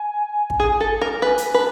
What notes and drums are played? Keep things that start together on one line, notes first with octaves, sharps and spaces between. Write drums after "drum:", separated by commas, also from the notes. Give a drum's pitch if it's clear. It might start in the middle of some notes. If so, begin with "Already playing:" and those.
Already playing: G#5
drum: kick
G#4
A4
A#4
B4 G#5
drum: hi-hat
B4 A5